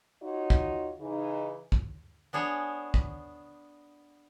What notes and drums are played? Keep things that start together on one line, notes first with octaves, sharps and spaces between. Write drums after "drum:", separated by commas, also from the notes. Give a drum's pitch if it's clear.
D#4 F4 F#4 C#5 D#5
drum: kick
C#3 E3 D#4
drum: kick
B3 D4 G#4 C#5
drum: kick